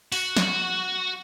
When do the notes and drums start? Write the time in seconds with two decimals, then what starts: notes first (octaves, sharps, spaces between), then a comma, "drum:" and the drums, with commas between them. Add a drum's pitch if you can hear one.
0.12 F#4, drum: open hi-hat
0.36 drum: snare